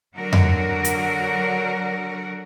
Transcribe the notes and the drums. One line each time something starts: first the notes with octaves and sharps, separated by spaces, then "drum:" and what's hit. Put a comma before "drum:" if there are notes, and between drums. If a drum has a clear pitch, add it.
D3 F#3 F#4 A#4
drum: tom F2
drum: hi-hat